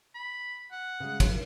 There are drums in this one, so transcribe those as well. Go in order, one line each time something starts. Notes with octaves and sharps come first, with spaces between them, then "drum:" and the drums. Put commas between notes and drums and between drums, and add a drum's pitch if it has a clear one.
B5
F#5
C#3 G#3
F#3, drum: kick, cymbal